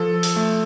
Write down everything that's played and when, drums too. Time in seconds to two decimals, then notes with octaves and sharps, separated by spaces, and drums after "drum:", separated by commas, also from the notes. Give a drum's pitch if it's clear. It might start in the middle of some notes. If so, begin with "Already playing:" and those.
Already playing: F3 A4
0.23 drum: open hi-hat
0.36 A3